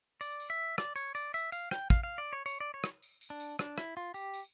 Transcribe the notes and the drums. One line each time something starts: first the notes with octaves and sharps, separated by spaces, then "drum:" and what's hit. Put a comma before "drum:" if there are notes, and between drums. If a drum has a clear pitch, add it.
D5, drum: tambourine
drum: tambourine
E5
D5, drum: rim click
C#5, drum: tambourine
D5, drum: tambourine
E5, drum: tambourine
F5, drum: tambourine
G5, drum: rim click
F5, drum: kick
F5
D5
C#5
C#5, drum: tambourine
D5
C#5
drum: rim click
drum: tambourine
drum: tambourine
D4
drum: tambourine
D4, drum: rim click
E4, drum: rim click
F4
G4, drum: tambourine
drum: tambourine